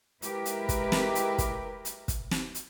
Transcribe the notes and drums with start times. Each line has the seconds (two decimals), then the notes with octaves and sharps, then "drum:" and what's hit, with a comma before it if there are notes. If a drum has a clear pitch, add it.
0.22 G#3 E4 G4 A#4 B4, drum: hi-hat
0.45 drum: hi-hat
0.69 drum: kick, hi-hat
0.92 drum: snare
1.15 drum: hi-hat
1.38 drum: kick, hi-hat
1.85 drum: hi-hat
2.08 drum: kick, hi-hat
2.31 drum: snare
2.55 drum: hi-hat